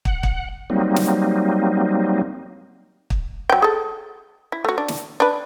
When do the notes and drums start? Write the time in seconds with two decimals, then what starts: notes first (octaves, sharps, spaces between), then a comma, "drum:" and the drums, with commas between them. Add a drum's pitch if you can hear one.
0.05 F#5, drum: kick
0.23 drum: kick
0.70 F#3 G3 A#3 C4 D#4
0.96 drum: snare
3.10 drum: kick
3.50 F#3 G5
3.62 G#4 A4
4.52 E4
4.65 A3 F#4
4.78 D4
4.88 drum: snare
5.20 D4 B4